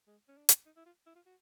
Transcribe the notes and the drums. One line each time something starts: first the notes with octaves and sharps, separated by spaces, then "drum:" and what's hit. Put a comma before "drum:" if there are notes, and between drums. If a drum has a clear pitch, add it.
G#3
C#4
D4
drum: hi-hat
D#4
E4
F4
E4
F4
F#4